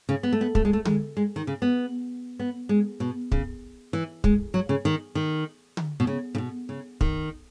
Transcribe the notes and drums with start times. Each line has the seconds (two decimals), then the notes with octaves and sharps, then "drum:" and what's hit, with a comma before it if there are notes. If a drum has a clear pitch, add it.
0.09 C#3
0.23 B3
0.32 A3
0.41 B3
0.55 A3, drum: kick
0.65 G#3
0.73 A3
0.85 G#3, drum: tom D3
1.17 G#3
1.36 D#3
1.47 C#3
1.62 B3
2.40 B3
2.69 G#3
3.00 B2
3.32 C#3, drum: kick
3.93 E3
4.24 G#3, drum: kick
4.54 F#3
4.69 C#3
4.85 D#3
5.15 D#3
5.77 drum: tom D3
6.00 B2
6.07 C#3
6.35 C#3
6.38 B2
6.69 C#3
7.01 D#3, drum: kick